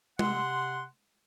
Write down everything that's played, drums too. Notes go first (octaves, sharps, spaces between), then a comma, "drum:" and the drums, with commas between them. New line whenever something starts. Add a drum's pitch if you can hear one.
C3 F#5 C6, drum: tom